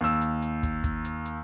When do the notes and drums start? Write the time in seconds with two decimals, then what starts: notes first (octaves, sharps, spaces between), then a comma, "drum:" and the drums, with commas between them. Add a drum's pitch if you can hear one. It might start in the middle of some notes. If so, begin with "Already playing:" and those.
0.01 D#2 E6
0.21 drum: hi-hat
0.42 drum: hi-hat
0.63 drum: kick, hi-hat
0.84 drum: kick, hi-hat
1.05 drum: hi-hat
1.26 drum: hi-hat